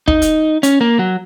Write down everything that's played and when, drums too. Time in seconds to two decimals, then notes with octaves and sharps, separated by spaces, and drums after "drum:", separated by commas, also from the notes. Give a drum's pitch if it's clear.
0.08 D#4, drum: kick
0.22 drum: hi-hat
0.63 C#4, drum: hi-hat
0.81 A#3
0.99 F#3